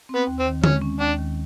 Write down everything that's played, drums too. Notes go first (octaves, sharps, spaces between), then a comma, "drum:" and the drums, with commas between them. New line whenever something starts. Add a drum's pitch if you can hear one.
C4
B3
D#2
C4
D#3
G#3 C#4, drum: tom D3
C#4
D#2 D4
D#3